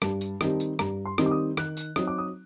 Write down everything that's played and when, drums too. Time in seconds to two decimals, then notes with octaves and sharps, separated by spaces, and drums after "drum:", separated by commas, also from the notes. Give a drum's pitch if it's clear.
0.02 G2 A5, drum: rim click
0.21 drum: tambourine
0.41 D#3 G3 C4 D#4, drum: rim click
0.60 drum: tambourine
0.79 G2 A#5, drum: rim click
1.05 C6
1.18 D#3 G3 C4 D#4, drum: rim click
1.26 D6
1.31 D#6
1.57 D#3 F#6, drum: rim click
1.77 drum: tambourine
1.96 F#3 C4 D#4 D#6, drum: rim click
2.07 D6
2.18 D#6